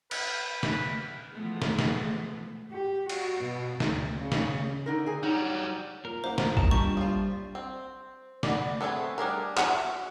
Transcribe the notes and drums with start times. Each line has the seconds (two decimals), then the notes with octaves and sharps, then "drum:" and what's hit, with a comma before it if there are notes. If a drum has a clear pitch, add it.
0.11 B4, drum: cymbal
0.63 drum: snare
1.32 E3 F3 G#3 A3 B3
1.62 drum: snare
1.79 drum: snare
2.71 G4
3.09 F#4, drum: cymbal
3.41 B2
3.80 D2, drum: snare
4.19 C#3
4.32 drum: snare
4.86 D3 D#4 A#4
5.06 G#4 G#5
5.23 F#3 G3 D#4
6.05 A#2 A#4
6.24 F#1 A#3 C5 F#5
6.38 drum: snare
6.57 G2 D#3 A#3 A#4 A5, drum: kick
6.71 A#1 G3 C#6
6.97 F3 F4
7.55 C4
8.43 B3 D5, drum: snare
8.81 A3 B3 C4 G#4
9.18 G3 D4 G#4 A#4
9.57 E4 F#4 F#5, drum: clap